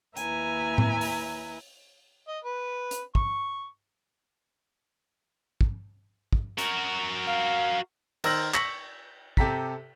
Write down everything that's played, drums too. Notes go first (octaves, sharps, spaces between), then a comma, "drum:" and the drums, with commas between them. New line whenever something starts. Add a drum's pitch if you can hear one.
D#2 E4 B4 E5 G#5 A#5, drum: hi-hat
drum: tom A2
drum: open hi-hat
D#5
B4
drum: hi-hat
C#6, drum: kick
drum: kick
drum: kick
F#4 A#4, drum: hi-hat
F5
D#3 A#4 C5 E6 A#6 F#7, drum: cymbal
C#6 E6 A#6 B6 C#7 F#7, drum: clap
C3 G4 A4 A#5 B6, drum: kick